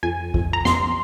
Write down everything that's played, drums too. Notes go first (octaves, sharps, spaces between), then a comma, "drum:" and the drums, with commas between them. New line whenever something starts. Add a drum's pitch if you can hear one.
F2 G#5
F2, drum: kick
A#5
F2 C6, drum: snare